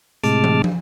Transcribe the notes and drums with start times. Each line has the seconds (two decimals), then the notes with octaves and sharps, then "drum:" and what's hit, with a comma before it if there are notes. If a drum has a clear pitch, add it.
0.24 A2 C3 G#3 A5 D6 F6, drum: hi-hat
0.44 drum: tom
0.64 drum: tom